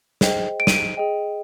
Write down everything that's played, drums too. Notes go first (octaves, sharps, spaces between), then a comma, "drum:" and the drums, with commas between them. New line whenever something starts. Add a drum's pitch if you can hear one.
G#4 C5 D#5 G5, drum: snare
D7
D#7, drum: snare
D7
G#4 D#5 G5